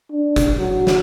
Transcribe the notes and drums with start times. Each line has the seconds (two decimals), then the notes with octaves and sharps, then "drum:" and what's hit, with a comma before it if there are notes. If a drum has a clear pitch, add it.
0.11 D4
0.36 drum: kick F#1, hi-hat
0.58 F#3
0.87 drum: snare